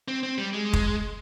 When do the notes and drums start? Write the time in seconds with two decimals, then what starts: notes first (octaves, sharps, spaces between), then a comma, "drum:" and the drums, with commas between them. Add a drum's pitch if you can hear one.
0.08 C4
0.23 C4
0.38 G3
0.53 G#3
0.73 drum: kick